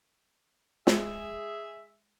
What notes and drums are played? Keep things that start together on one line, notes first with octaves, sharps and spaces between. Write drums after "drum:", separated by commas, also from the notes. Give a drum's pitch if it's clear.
G#3 G#4 E5, drum: snare